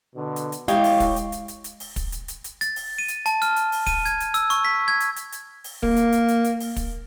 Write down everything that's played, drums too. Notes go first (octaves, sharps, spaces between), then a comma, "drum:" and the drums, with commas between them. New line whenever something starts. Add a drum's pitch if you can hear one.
B2 D3
drum: hi-hat
drum: hi-hat
G#3 E4 G4 C#5 D#5 F5, drum: hi-hat
drum: open hi-hat
drum: kick, hi-hat
drum: hi-hat
drum: hi-hat
drum: hi-hat
drum: hi-hat
drum: open hi-hat
drum: kick, hi-hat
drum: hi-hat
drum: hi-hat
drum: hi-hat
A6, drum: hi-hat
drum: open hi-hat
D#7
drum: hi-hat
A5, drum: hi-hat
F6, drum: hi-hat
drum: hi-hat
drum: open hi-hat
D#7, drum: kick, hi-hat
G#6, drum: hi-hat
drum: hi-hat
E6, drum: hi-hat
C#6, drum: hi-hat
B6
G#6
drum: hi-hat
drum: hi-hat
drum: hi-hat
drum: open hi-hat
A#3, drum: kick
drum: hi-hat
drum: hi-hat
drum: hi-hat
drum: hi-hat
drum: open hi-hat
drum: kick, hi-hat